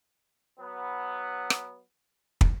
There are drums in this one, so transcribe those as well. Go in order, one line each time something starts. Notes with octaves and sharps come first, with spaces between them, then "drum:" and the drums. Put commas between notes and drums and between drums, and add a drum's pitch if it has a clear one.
F#3 B3
drum: rim click
drum: kick